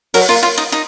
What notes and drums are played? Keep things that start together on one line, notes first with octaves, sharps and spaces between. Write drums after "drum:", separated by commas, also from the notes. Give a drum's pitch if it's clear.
F#3 A#4, drum: open hi-hat
A#3 F4
F4
D#4
D#4, drum: hi-hat